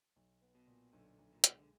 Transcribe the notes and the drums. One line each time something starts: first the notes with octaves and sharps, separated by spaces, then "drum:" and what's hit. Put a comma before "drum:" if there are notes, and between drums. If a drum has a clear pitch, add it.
B1
B3
B2
A#2
B1 D3
B1
A#2
B2 G#3, drum: hi-hat
D3